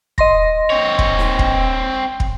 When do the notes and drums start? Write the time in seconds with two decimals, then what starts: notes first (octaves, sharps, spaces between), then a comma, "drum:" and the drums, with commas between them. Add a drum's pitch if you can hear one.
0.18 D#5 C6 A#6, drum: kick
0.70 C4 C#5
0.99 drum: kick
1.19 drum: snare D#4
1.39 drum: kick
2.20 drum: kick